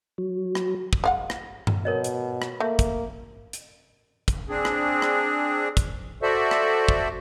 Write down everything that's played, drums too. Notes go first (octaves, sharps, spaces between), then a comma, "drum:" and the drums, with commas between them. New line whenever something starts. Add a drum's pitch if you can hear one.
F#3
drum: rim click
drum: kick
G#3 F5 F#5
drum: rim click
drum: tom G2
B2 A#4 C#5 D#5
drum: hi-hat
drum: rim click
A3 A#3 E5
drum: kick, hi-hat
drum: hi-hat
drum: kick, hi-hat
C4 D4 G#4
drum: rim click
drum: rim click
drum: kick, hi-hat
F#4 A4 C5 D5 E5
drum: rim click
drum: kick